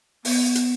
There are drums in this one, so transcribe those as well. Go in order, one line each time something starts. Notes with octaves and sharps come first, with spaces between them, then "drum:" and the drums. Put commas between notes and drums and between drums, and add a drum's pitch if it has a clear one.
B3, drum: open hi-hat
drum: hi-hat